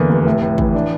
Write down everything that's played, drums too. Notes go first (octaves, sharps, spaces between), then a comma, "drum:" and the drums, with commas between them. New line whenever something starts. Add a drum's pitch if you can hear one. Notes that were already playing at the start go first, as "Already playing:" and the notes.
Already playing: E2 D3 A#3
F1
A2
A2
E3, drum: kick
D4